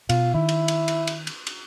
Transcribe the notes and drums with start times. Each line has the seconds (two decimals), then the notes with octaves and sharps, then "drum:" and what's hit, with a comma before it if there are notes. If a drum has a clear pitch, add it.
0.09 B2 F4, drum: cymbal
0.34 D#3 E4
0.49 drum: cymbal
0.68 drum: cymbal
0.88 drum: cymbal
1.07 drum: cymbal
1.27 drum: cymbal
1.47 drum: cymbal